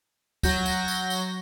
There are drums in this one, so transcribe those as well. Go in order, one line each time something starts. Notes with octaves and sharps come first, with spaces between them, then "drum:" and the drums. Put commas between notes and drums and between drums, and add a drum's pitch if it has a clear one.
F#3 F#4 G6 A#6, drum: kick, tambourine
drum: tambourine
drum: tambourine
drum: tambourine